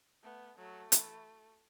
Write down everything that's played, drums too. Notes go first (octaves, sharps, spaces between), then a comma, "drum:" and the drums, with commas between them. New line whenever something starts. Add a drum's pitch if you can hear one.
A3 B3
F#3 A3
E3, drum: hi-hat